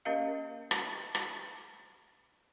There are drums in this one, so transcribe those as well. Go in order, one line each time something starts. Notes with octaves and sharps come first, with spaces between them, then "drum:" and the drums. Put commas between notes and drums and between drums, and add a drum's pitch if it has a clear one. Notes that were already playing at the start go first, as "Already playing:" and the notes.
A#3 C#4 G4 A#4 D#5 F5
drum: rim click
drum: rim click